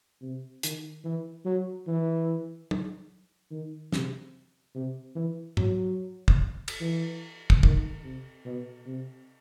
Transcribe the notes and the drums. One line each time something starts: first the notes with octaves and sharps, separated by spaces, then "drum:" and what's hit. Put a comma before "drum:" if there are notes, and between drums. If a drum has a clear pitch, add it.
C3
D#3, drum: hi-hat
E3
F#3
E3
drum: tom
D#3
C3, drum: snare
C3
E3
F#3, drum: tom G#2
drum: kick
drum: cymbal
E3
drum: kick
D#3, drum: kick
C3
B2
C3